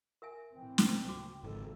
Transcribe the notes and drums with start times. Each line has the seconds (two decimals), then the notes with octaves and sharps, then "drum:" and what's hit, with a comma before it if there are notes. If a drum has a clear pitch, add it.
0.22 A#4 E5 G#5
0.56 A2 E3 C4 G5
0.78 drum: snare
1.09 D2 C#3 A#3 F#4 D6
1.44 G#1 C#3 F3 A4